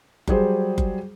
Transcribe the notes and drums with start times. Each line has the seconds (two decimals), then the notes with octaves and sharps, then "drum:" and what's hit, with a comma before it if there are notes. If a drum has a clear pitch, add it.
0.28 F#3 G3 G#4 C5, drum: kick F#1
0.78 drum: kick F#1